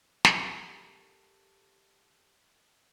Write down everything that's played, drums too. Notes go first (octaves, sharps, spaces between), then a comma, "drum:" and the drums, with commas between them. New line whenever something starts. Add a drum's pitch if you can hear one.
G4 A4 A#4, drum: snare